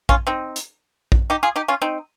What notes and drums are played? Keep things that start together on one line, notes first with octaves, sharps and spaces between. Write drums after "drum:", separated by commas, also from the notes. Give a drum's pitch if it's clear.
C#4 F4, drum: kick A#1
C4 D#4
drum: hi-hat
drum: kick A#1
D#4 G4
F4 G#4
D#4 G4
C#4 F4
C4 D#4